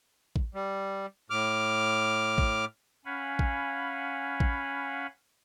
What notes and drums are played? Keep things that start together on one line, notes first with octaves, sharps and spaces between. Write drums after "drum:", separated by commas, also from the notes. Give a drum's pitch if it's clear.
drum: kick A1
G3
A2 D6 F6
drum: kick A1
C#4 F5 F#5 G#5 B5
drum: kick A1
drum: kick A1